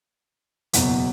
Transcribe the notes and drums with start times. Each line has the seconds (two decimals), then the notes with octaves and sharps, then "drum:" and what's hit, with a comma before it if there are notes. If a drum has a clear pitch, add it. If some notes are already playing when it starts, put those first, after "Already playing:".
0.73 F#1 E2 B2 F#3, drum: hi-hat